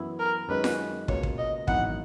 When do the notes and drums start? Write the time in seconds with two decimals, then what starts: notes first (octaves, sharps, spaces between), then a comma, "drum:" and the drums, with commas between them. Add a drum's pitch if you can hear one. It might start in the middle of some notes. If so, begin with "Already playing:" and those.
Already playing: F#2 E3 B3 E4
0.19 A#4
0.49 F#2 D#3 G#3 C#4 B4
0.64 drum: snare F4
1.08 C#2 B2 A#3 C#5, drum: kick
1.23 drum: kick
1.38 D#5
1.68 G#1 F#2 E3 B3 D#4 F#5, drum: kick